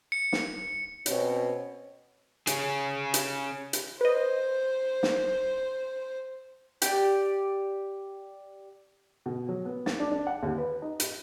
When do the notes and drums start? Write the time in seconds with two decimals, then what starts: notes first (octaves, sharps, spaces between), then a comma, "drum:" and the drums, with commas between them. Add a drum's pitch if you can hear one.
0.12 C#7
0.33 drum: snare
1.06 B2 C4 C#4 C#5, drum: hi-hat
2.47 C#4 G#4, drum: hi-hat
3.14 drum: hi-hat
3.73 drum: hi-hat
4.01 B4 C5 D#5
5.03 drum: snare
6.82 G4 D5, drum: hi-hat
9.26 B2
9.49 F#3
9.65 B3
9.86 A6, drum: snare
10.00 D4
10.11 D4
10.27 F#5
10.43 D#2
10.58 B4
10.82 D#4
11.00 D#7, drum: hi-hat